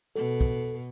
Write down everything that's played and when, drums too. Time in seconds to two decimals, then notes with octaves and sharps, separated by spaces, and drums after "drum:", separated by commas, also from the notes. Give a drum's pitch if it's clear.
0.16 B2 A4
0.41 drum: kick